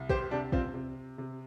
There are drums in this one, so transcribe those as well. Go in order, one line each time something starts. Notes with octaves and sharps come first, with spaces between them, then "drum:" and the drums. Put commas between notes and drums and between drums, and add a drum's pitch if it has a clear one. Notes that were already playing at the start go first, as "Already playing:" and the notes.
Already playing: C2
G4 C5, drum: kick
C3 D4 G4
C4 F4, drum: kick
C3
C3